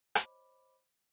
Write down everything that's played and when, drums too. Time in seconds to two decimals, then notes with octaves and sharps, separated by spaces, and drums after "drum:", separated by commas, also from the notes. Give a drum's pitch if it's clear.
0.15 C5 C#5 D#5 B5 D6, drum: rim click